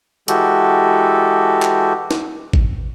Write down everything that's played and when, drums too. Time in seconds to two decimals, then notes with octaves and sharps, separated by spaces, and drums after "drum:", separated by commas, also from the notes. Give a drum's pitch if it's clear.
0.28 E3 G#3 F#4 G4 A4, drum: hi-hat
1.62 drum: clap
2.11 drum: snare
2.53 drum: kick G#1